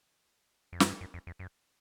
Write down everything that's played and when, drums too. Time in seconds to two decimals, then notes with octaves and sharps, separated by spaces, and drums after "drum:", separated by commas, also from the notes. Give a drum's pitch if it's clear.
0.73 F2
0.80 F#2, drum: snare
0.88 G2
1.01 F#2
1.14 F2
1.27 F2
1.39 F#2